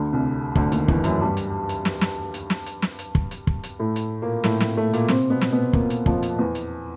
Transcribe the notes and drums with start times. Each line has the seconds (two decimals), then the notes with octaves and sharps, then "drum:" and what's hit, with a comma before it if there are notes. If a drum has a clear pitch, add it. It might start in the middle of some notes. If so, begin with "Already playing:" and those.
Already playing: D2 D3
0.12 C2 C3
0.55 D2 D3, drum: kick
0.72 D#2 D#3, drum: hi-hat
0.88 E2 E3, drum: kick
1.04 F#2 F#3, drum: hi-hat
1.21 G2 G3
1.37 drum: hi-hat
1.69 drum: hi-hat
1.85 drum: snare
2.01 drum: snare
2.34 drum: hi-hat
2.50 drum: snare
2.66 drum: hi-hat
2.82 drum: snare
2.99 drum: hi-hat
3.15 drum: kick
3.31 drum: hi-hat
3.47 drum: kick
3.63 drum: hi-hat
3.79 A2 A3
3.96 drum: hi-hat
4.22 A#2 A#3
4.44 A2 A3, drum: snare
4.61 drum: snare
4.77 A2 A3
4.93 A#2 A#3, drum: hi-hat
5.09 C3 C4, drum: snare
5.30 B2 B3
5.42 drum: snare
5.52 B2 B3
5.73 A#2 A#3, drum: kick
5.90 drum: hi-hat
6.06 F2 F3, drum: kick
6.23 drum: hi-hat
6.39 E2 E3
6.55 drum: hi-hat